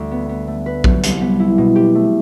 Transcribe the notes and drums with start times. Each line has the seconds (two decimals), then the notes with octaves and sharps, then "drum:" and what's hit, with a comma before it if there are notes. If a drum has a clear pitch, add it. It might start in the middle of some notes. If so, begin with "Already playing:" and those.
Already playing: D2
0.11 B3
0.29 B3
0.47 A3
0.66 B4
0.84 F#3, drum: kick A#1
1.03 C2, drum: hi-hat
1.21 B3
1.40 E4
1.58 B2
1.76 G4
1.95 A3